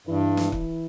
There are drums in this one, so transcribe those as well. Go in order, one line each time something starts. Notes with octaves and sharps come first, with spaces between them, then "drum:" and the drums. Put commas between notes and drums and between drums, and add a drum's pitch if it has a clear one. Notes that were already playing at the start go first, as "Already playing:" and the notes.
G2 E3
drum: snare
drum: kick